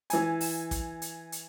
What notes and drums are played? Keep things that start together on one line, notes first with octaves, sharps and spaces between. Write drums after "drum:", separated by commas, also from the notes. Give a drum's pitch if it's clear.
E3 G#5, drum: hi-hat
drum: open hi-hat
drum: kick, hi-hat
drum: hi-hat
drum: hi-hat